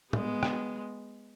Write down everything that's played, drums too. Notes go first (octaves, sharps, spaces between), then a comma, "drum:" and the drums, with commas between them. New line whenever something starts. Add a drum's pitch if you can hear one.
G#3 B3, drum: tom
drum: rim click